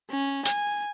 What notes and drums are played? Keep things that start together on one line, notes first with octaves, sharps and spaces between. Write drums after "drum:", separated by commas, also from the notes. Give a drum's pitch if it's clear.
C#4
G#5, drum: hi-hat